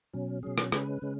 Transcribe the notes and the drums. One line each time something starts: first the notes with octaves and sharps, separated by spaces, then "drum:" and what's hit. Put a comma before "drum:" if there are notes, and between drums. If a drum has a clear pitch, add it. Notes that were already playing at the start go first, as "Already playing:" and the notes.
B2 F#3 C#4
B2 F#3 C#4 G#4
drum: rim click
C#3 G#3 C#4 B4, drum: rim click
C#3 G#3 C#4